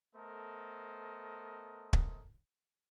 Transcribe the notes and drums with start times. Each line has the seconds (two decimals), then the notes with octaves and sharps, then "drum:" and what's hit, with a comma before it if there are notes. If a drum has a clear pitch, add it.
0.16 A3 B3 A4 A#4 C5 D#5
1.93 drum: kick